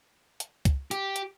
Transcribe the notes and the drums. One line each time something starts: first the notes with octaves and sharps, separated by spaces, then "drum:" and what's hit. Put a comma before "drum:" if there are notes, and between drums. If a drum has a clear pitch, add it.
drum: hi-hat
drum: kick, hi-hat
G4, drum: hi-hat
drum: hi-hat